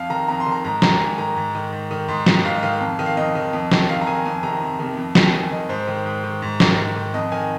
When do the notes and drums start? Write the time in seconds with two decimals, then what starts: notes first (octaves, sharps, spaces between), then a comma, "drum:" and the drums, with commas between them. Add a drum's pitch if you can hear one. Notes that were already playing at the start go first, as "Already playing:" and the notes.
Already playing: F2 F5
0.10 D#3 A#5
0.28 F2 A#5
0.40 C6
0.46 D#3
0.52 A#5
0.64 G#2 A#5
0.82 D#3 A#5, drum: snare
1.00 G#2 G#5
1.18 D#3 A#5
1.37 G#2
1.55 D#3
1.72 G#2
1.91 D#3
2.08 G#2 C6
2.26 D#3, drum: snare
2.45 G#2 F5
2.55 D#5
2.63 D#3 F5
2.81 F2
2.99 D#3
3.06 F5
3.17 F2 D#5
3.35 D#3
3.53 F2
3.72 D#3, drum: snare
3.89 F2 F5
4.01 A#5
4.07 D#3 G#5
4.25 F2 G#5
4.43 C3 D#3 A#5
4.61 F2
4.79 C3 D#3
4.97 F2
5.15 D#3, drum: snare
5.34 F2 G#5
5.51 D#3 D#5
5.69 G#2 C5
5.87 D#3
6.06 G#2
6.24 D#3
6.42 G#2
6.60 D#3, drum: snare
6.78 G#2
6.96 D#3
7.14 F2 D#5
7.32 D#3 G#5